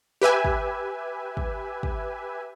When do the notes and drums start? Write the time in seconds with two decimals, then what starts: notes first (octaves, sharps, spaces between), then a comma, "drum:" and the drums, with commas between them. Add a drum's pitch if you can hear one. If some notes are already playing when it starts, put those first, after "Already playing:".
0.22 G4 B4 E5 G#5
0.45 drum: kick
1.37 drum: kick
1.83 drum: kick